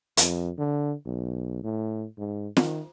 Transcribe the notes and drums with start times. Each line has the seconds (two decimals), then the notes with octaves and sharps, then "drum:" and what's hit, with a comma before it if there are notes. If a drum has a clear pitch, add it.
0.17 F2, drum: hi-hat
0.58 D3
1.06 B1
1.63 A2
2.18 G#2
2.57 D#3, drum: snare